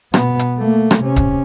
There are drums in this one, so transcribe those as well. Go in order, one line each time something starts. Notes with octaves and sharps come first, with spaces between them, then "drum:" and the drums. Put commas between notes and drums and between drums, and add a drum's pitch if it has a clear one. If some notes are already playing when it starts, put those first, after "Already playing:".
B2 B3, drum: rim click
drum: hi-hat
A3 A#3
drum: rim click
C3 C#4
drum: kick, hi-hat